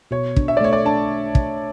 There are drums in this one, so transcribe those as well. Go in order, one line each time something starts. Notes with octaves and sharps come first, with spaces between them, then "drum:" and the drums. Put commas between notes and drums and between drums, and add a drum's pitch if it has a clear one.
B2 C#5
D4, drum: kick
E5
D5
A3 C#5
D5
D4 A5
drum: kick